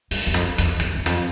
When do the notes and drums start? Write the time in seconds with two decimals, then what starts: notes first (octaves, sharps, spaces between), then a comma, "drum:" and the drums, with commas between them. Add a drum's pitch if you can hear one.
0.11 G2, drum: open hi-hat
0.27 E2
0.34 F2, drum: hi-hat
0.58 F2, drum: hi-hat
0.65 E2
0.80 E2, drum: hi-hat
0.95 E2
1.06 F2, drum: hi-hat